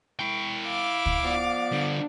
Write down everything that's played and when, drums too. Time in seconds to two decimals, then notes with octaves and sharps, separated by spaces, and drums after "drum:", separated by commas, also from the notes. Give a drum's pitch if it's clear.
0.19 E4 G5
0.68 F5 D6
1.06 drum: kick
1.23 F3 B3 D5
1.72 D3 G3